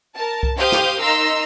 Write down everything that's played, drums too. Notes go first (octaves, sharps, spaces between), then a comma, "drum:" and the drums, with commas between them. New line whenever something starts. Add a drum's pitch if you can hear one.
A#4 A5
drum: kick C2
G4 C5 F5 G5 D#6 G6
drum: snare
D#4 A#4 A#5 C6 E6